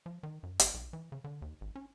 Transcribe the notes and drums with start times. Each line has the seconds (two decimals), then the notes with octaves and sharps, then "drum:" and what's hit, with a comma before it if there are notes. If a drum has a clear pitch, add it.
0.06 F3
0.23 D#3
0.43 F#2
0.59 G#1, drum: hi-hat
0.74 B1
0.93 E3
1.12 C#3
1.24 D3
1.42 D#2
1.61 G#1
1.75 C#4